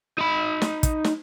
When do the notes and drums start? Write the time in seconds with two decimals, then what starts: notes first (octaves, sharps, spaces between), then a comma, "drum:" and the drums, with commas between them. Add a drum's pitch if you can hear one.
0.19 D#4 B5
0.62 drum: snare
0.83 drum: kick, hi-hat
1.04 drum: snare